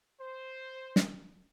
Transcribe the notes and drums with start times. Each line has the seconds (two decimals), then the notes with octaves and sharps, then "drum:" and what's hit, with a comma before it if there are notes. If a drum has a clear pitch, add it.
0.20 C5
0.96 drum: snare